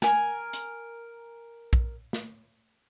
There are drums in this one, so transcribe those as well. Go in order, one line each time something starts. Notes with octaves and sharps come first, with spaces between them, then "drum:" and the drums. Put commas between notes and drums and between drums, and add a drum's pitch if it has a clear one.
A#4 G#5, drum: snare
drum: hi-hat
drum: kick
drum: snare